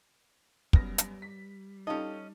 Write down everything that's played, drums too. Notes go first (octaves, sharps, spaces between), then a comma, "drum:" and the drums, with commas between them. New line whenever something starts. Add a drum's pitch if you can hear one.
F#2 G3 B3 A#4 B4 A#6, drum: kick
drum: hi-hat
B6
C#4 D#4 F4 G4 A4 D#5